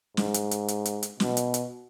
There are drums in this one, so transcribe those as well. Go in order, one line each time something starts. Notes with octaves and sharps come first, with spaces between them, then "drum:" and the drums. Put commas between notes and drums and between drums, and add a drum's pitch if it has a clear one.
G#2, drum: snare
drum: hi-hat
drum: hi-hat
drum: hi-hat
drum: hi-hat
drum: hi-hat
B2, drum: snare
drum: hi-hat
drum: hi-hat